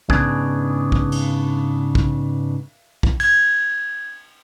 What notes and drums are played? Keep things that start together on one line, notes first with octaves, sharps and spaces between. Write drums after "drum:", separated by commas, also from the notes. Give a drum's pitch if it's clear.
G#2 C#3 B3 D4 G#4, drum: kick
drum: kick
drum: cymbal
drum: kick
drum: kick
G#6, drum: cymbal